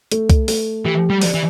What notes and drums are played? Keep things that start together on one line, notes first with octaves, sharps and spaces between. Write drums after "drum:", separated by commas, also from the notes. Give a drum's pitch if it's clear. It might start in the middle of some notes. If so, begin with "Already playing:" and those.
A3, drum: hi-hat
drum: kick C2, hi-hat
A3, drum: open hi-hat
E3 G4
G3
D5, drum: open hi-hat
E3